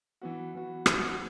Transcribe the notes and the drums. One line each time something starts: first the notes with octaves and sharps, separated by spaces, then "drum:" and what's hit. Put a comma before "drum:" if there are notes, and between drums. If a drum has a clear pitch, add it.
E3 B3 F#4
E3 B3 F#4
E3 B3 F#4, drum: rim click